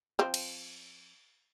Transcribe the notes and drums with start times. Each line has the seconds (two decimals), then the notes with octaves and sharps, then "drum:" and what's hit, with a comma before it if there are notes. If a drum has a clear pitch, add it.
0.19 F3 C4
0.34 drum: cymbal